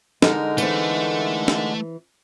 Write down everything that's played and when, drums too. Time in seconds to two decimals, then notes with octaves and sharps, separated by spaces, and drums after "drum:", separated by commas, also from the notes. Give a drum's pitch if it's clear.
0.22 D3 G#3 D#4 A4 A#4, drum: snare
0.58 E3 A3 C4, drum: tambourine
1.48 drum: snare